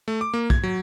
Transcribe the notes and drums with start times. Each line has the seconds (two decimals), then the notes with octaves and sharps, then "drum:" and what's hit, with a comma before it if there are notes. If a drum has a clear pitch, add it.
0.08 A3
0.21 D6
0.34 A#3
0.50 G#6, drum: kick
0.63 F#3